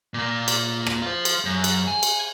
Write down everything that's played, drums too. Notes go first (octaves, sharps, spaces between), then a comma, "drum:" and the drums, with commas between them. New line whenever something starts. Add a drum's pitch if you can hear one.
A#2 A#3
drum: cymbal
drum: rim click
F4 C5
drum: cymbal
F#2
drum: cymbal
G#5
drum: cymbal